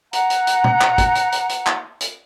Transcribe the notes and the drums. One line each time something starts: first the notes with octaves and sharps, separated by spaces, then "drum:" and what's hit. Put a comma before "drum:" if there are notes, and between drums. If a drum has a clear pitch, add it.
F#5 A#5, drum: hi-hat
drum: hi-hat
drum: hi-hat
drum: tom
drum: clap
drum: kick, hi-hat
drum: hi-hat
drum: hi-hat
drum: hi-hat
drum: clap
drum: hi-hat